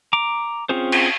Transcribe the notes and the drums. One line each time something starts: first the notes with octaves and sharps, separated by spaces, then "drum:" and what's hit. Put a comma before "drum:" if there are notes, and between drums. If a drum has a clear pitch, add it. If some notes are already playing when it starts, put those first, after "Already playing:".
A#5 D6
C4 C#4 F4 G#4 C5
drum: cymbal